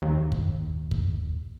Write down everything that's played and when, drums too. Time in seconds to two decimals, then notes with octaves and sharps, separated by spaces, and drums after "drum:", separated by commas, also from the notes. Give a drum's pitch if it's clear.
0.02 D#2
0.32 drum: kick
0.91 drum: kick